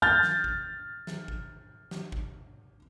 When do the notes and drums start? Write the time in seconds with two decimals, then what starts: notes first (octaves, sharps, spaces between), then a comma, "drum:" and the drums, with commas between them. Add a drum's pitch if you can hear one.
0.02 F6 G6 A6
0.23 drum: snare
0.44 drum: kick G#1
1.07 drum: snare
1.28 drum: kick G#1
1.91 drum: snare
2.12 drum: kick G#1